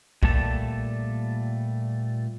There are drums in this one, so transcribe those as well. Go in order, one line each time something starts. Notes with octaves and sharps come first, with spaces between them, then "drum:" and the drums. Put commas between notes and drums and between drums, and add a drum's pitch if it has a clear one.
A#2 G3 A3 A4 A5, drum: kick B1